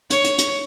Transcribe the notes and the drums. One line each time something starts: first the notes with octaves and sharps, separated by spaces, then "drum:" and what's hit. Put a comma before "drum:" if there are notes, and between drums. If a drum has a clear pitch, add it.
C#5, drum: hi-hat
drum: hi-hat
drum: hi-hat